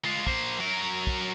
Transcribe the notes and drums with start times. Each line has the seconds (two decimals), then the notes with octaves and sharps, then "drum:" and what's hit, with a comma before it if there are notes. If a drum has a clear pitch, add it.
0.05 G#3 F4
0.27 A#3 C5, drum: kick
0.60 F#3 A#4
1.07 drum: kick